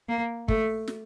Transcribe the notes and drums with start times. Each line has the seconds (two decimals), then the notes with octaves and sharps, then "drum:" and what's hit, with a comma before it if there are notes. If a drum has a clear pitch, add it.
0.09 A#3
0.48 A3, drum: kick
0.88 drum: snare